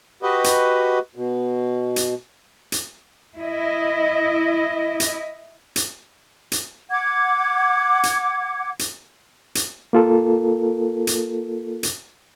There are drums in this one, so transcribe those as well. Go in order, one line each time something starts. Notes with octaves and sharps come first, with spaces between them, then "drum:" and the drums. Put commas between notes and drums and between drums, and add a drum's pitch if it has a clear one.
F#4 G4 B4 D#5
drum: hi-hat
B2
drum: hi-hat
drum: hi-hat
E4 D#5
drum: hi-hat
drum: hi-hat
drum: hi-hat
F#5 D6 G#6
drum: hi-hat
drum: hi-hat
drum: hi-hat
A#3 F4 A4 A#4
drum: hi-hat
drum: hi-hat